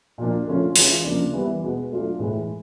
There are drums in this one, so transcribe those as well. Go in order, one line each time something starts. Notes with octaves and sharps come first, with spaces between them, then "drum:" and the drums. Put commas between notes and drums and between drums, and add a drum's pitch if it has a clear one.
A#2 F3 A#3 D4
D3 F3 A3 C#4 F4
E3 G#3 C#4 F4, drum: open hi-hat
C#3 F3 A#3 D4
E3 G3 B3 E4
B2 G#3 B3
F#3 A3 D4 F4
A2 E3 G#3